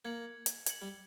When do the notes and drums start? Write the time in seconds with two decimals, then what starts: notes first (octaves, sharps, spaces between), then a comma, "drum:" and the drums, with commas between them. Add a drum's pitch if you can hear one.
0.05 A#3 G#6 C#7 F#7
0.46 drum: hi-hat
0.66 G#6 C#7 F#7, drum: hi-hat
0.81 G3